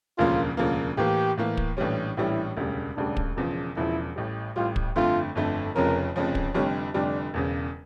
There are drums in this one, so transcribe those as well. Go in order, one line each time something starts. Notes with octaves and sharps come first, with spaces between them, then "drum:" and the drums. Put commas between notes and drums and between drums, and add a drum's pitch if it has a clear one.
E1 D2 C#3 F3 A#3 F4
E1 D2 C#3 F3 A#3
A2 E3 A#3 G4
A2 E3 A#3
drum: kick
A#1 A2 E3 G3 C#4
A#1 A2 E3 G3 C#4 E4
E1 D2 C#3 G3
E1 D2 C#3 G3 D4
drum: kick
E1 E2 C#3 F3
E1 E2 C#3 F3 E4
A1 A2 G3
A1 A2 G3 F4
drum: kick
G1 F2 D3 A3 F4
G1 F2 D3 A3
F1 F2 C#3 F3 C#4 A#4
F1 F2 C#3 F3 C#4
drum: kick
F1 F2 D3 G3 C#5
F1 F2 D3 G3 D5
E1 E2 C#3